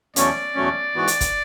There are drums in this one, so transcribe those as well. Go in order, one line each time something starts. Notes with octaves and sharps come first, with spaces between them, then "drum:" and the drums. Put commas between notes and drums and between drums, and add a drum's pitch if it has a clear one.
E2 B2 F#3 A3 C#4 D5, drum: hi-hat
E2 B2 F#3 A3 C#4
G#2 E3 B3 F#4
drum: hi-hat
drum: kick, hi-hat